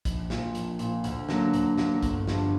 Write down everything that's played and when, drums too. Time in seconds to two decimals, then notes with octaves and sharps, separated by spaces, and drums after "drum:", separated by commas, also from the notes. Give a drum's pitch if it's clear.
0.05 A#1, drum: kick, hi-hat
0.30 A#2 F3, drum: snare
0.55 A#1, drum: hi-hat
0.79 A#2 F3, drum: hi-hat
1.04 D2, drum: hi-hat
1.29 D3 F#3 A#3, drum: snare
1.54 D2, drum: hi-hat
1.78 D3 F#3 A#3, drum: snare
2.03 G1, drum: kick, hi-hat
2.27 G2 D3 F3, drum: snare